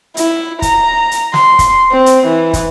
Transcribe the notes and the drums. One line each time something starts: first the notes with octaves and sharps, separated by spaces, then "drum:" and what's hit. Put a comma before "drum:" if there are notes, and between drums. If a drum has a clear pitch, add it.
E4, drum: hi-hat
A#5, drum: kick, hi-hat
drum: hi-hat
C6, drum: snare
drum: kick, hi-hat
C4
drum: hi-hat
E3
drum: kick, hi-hat